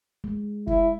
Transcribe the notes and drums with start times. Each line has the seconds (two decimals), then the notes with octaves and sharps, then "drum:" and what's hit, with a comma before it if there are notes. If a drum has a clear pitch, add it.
0.24 G#3
0.67 E4, drum: kick